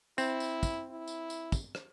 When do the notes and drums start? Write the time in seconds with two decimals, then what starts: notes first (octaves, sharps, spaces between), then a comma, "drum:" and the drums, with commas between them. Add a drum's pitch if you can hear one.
0.18 C4 E4, drum: tambourine
0.40 drum: tambourine
0.63 drum: kick, tambourine
0.91 E4
1.08 drum: tambourine
1.30 drum: tambourine
1.52 drum: kick, tambourine
1.75 drum: rim click